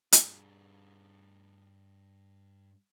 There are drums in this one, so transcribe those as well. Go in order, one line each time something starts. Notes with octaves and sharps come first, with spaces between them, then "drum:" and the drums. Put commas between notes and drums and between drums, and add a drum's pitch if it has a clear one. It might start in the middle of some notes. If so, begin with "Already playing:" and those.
G2 G#4, drum: hi-hat